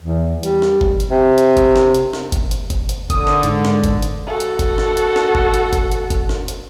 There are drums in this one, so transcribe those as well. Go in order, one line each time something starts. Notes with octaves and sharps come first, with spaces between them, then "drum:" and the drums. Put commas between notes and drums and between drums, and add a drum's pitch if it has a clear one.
E2
G3, drum: hi-hat
drum: snare
drum: kick F#1
drum: hi-hat
C3
drum: hi-hat
drum: kick F#1, hi-hat
drum: snare
drum: hi-hat
drum: snare
drum: kick F#1, hi-hat
drum: hi-hat
drum: kick F#1, hi-hat
drum: hi-hat
D3 D#6, drum: kick F#1, hi-hat
drum: snare
G#2, drum: hi-hat
drum: snare
drum: kick F#1, hi-hat
drum: hi-hat
F#4 A4
drum: hi-hat
drum: kick F#1, hi-hat
drum: snare
drum: hi-hat
drum: snare
drum: kick F#1
drum: hi-hat
drum: kick F#1, hi-hat
drum: hi-hat
drum: kick F#1, hi-hat
drum: snare
drum: hi-hat